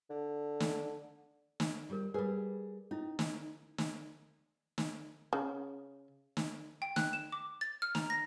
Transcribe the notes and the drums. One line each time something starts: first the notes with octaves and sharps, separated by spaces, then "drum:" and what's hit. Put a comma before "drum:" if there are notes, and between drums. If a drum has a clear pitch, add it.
D3
drum: snare
drum: snare
G3 G#4 A#4
G3 G#4 A#4 B4
C#4 D#4 E4
drum: snare
drum: snare
drum: snare
C#3
drum: snare
G5
F#6, drum: snare
E7
D6
A6
F6
A#5, drum: snare
A#6